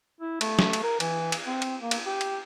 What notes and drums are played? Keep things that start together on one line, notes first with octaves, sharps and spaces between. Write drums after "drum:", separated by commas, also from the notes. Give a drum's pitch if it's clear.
E4
A3, drum: cymbal
drum: snare
drum: cymbal
A#4
E3, drum: cymbal
drum: cymbal
C4
drum: cymbal
A#3
drum: cymbal
G4
drum: cymbal